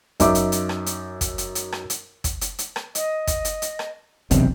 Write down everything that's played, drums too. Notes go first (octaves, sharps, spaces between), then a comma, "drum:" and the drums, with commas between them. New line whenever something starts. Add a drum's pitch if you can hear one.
F#2 D#4 E5 D6, drum: kick, hi-hat
drum: hi-hat
drum: hi-hat
drum: rim click
drum: hi-hat
drum: kick, hi-hat
drum: hi-hat
drum: hi-hat
drum: rim click
drum: hi-hat
drum: kick, hi-hat
drum: hi-hat
drum: hi-hat
drum: rim click
D#5, drum: hi-hat
drum: kick, hi-hat
drum: hi-hat
drum: hi-hat
drum: rim click
E1 B1 G2 C3, drum: kick, hi-hat